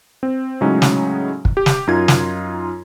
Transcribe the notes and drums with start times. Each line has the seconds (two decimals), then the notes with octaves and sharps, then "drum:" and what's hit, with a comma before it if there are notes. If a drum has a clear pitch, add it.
0.23 C4
0.61 A2 C#3 F#3 G#3 C#4 D#4
0.82 drum: snare
1.45 drum: kick
1.57 G4
1.66 drum: snare
1.87 F#2 D#4 F4 G#6
2.08 drum: snare